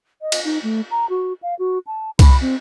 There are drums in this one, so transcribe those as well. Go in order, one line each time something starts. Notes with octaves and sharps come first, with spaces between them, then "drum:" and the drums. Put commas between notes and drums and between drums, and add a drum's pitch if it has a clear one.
D#5
drum: cymbal
D#4
A3
A#5
F#4
F5
F#4
A5
B5, drum: kick C2, cymbal
C4